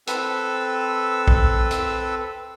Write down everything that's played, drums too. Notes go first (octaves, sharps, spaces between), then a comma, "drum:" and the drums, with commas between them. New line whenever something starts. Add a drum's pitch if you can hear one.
C4 A4 B4 E6, drum: hi-hat
drum: kick A#1
drum: hi-hat